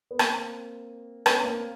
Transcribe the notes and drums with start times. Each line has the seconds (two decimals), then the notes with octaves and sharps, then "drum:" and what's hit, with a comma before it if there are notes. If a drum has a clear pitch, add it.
0.11 B3
0.19 A#3 C4, drum: rim click
1.26 B3 C#4, drum: rim click
1.44 A#3 C4